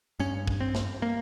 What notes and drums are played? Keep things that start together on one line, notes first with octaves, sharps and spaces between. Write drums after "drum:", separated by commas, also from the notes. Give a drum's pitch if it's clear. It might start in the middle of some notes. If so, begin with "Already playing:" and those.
G2 C#4, drum: tambourine
drum: kick
C4
drum: snare
A#3